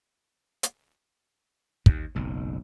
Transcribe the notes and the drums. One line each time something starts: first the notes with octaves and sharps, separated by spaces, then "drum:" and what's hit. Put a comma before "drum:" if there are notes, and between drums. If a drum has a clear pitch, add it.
drum: hi-hat
D#2, drum: kick
F#1 B1 G#2